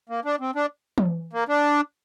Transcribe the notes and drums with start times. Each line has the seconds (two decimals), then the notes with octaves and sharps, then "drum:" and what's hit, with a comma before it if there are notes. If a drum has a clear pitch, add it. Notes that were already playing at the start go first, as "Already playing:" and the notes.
0.09 A#3
0.25 D4
0.40 C4
0.55 D4
0.98 drum: tom E3
1.33 A#3
1.49 D4